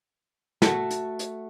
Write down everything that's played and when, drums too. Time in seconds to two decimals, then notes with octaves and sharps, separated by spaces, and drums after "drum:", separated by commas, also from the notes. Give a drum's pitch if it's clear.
0.62 A3 F#4, drum: snare
0.91 drum: hi-hat
1.19 drum: hi-hat